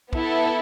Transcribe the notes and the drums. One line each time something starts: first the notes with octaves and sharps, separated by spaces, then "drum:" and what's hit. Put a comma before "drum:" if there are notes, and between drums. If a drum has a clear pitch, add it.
B3 E4 A4, drum: kick